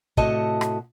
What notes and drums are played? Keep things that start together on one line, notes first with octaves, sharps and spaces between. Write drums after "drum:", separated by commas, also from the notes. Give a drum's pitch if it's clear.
A2 C3 A3 F#4 D#5 A5, drum: kick
drum: rim click